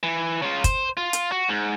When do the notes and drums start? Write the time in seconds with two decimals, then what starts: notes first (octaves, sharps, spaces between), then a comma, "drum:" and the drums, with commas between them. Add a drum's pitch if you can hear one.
0.03 E3
0.42 C#3 F4
0.64 C5, drum: kick, hi-hat
0.97 F4
1.13 drum: hi-hat
1.32 F#4
1.48 G#2